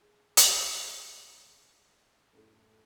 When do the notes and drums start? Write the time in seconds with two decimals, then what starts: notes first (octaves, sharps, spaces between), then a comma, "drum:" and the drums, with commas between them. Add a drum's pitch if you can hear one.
0.01 G#4
0.37 drum: hi-hat
2.33 F#2 A2 A3